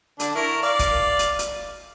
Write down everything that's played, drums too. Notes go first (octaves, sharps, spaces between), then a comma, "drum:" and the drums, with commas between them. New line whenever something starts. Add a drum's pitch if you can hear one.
D3 D4, drum: hi-hat
E4 A#4 C#6
D5 F5
drum: kick, hi-hat
drum: hi-hat
drum: hi-hat